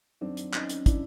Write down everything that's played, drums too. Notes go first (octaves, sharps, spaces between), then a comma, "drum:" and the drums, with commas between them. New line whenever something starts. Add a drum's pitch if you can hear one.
F#2 D#3 F#3 C4 D4
drum: hi-hat
C#4 D#4, drum: clap
drum: hi-hat
D4 E4, drum: kick, hi-hat